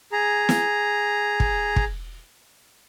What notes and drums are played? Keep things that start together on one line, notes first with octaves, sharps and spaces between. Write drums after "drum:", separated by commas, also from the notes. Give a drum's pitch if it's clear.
G#4 A#5
drum: snare
drum: kick
drum: kick